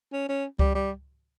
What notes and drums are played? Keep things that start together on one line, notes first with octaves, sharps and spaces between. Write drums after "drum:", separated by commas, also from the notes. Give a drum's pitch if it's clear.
C#4
C#4
G3, drum: kick C#2
G3